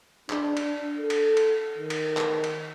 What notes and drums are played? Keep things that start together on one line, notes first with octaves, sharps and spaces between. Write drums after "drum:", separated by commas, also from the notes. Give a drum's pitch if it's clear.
D4, drum: clap
drum: cymbal
A4
drum: cymbal
drum: cymbal
D#3
drum: cymbal
drum: clap
drum: cymbal